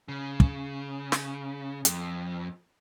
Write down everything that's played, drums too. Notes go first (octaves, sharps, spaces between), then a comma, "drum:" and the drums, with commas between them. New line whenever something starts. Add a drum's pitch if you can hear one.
C#3
drum: kick
drum: snare
F2, drum: hi-hat